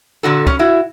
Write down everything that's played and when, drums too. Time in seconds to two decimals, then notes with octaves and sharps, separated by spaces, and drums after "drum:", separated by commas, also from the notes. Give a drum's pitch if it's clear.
0.23 A#2 D3 F#4 A4
0.47 C#4, drum: kick
0.59 E4 F#4